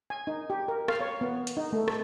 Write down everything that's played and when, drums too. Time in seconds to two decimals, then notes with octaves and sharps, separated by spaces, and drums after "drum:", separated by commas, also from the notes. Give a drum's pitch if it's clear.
0.10 G#5
0.27 D#4
0.50 G4
0.68 A#4
0.88 F5, drum: rim click
1.01 C#5
1.21 B3
1.47 drum: hi-hat
1.57 D#4
1.73 A3
1.88 A4, drum: rim click